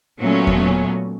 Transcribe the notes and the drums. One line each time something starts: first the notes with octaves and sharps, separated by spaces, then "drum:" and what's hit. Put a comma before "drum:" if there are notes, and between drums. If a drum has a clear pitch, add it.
A#2 F#3 A3 B3 C#4
drum: kick E2